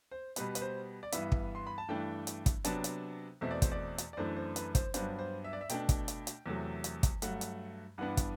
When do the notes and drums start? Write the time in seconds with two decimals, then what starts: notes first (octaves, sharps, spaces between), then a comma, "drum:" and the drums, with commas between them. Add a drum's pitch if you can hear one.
0.11 C5
0.36 B2 G3 B3 B4, drum: hi-hat
0.55 B4, drum: hi-hat
0.62 C5
1.03 D5
1.12 G2 E3 B3 E5, drum: hi-hat
1.32 drum: kick
1.55 C6
1.67 B5
1.78 A5
1.88 G2 E3 A3 D4 G5
2.27 drum: hi-hat
2.46 drum: kick, hi-hat
2.64 C3 F#3 B3 D4 A5, drum: hi-hat
2.84 drum: hi-hat
3.41 E2 B2 A3 C4 E5
3.51 D5
3.62 C5, drum: kick, hi-hat
3.72 D5
3.98 drum: hi-hat
4.13 D5
4.17 F#2 E3 A3 D4 C5
4.36 C5
4.56 B4, drum: hi-hat
4.75 C5, drum: kick, hi-hat
4.94 G2 F#3 B3 D4 C5, drum: hi-hat
5.19 C5
5.44 E5
5.53 D5
5.61 E5
5.69 B2 A3 D4 G5, drum: hi-hat
5.89 drum: kick, hi-hat
6.08 drum: hi-hat
6.27 drum: hi-hat
6.46 E2 C3 F#3 A3
6.84 drum: hi-hat
7.03 drum: kick, hi-hat
7.22 G2 F#3 A3 F#5, drum: hi-hat
7.41 drum: hi-hat
7.98 G2 E3 B3 D4 F#5
8.17 drum: kick, hi-hat